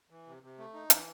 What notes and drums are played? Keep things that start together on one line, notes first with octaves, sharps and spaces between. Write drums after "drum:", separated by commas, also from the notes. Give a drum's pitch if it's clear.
E3
C3
C3
A3
D#4
E3, drum: hi-hat